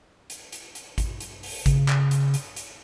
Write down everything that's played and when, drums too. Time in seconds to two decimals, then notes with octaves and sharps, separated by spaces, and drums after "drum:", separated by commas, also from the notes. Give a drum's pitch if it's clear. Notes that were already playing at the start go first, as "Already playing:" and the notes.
0.30 drum: hi-hat
0.52 drum: hi-hat
0.75 drum: hi-hat
0.98 drum: kick, hi-hat
1.20 drum: hi-hat
1.43 drum: open hi-hat
1.66 C#3, drum: kick, hi-hat
1.88 drum: clap
2.11 drum: hi-hat
2.34 drum: hi-hat
2.56 drum: hi-hat